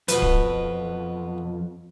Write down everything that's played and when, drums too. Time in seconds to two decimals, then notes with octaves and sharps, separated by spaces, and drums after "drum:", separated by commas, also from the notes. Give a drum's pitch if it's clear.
0.08 F2 B2 B4, drum: hi-hat
0.22 drum: kick D1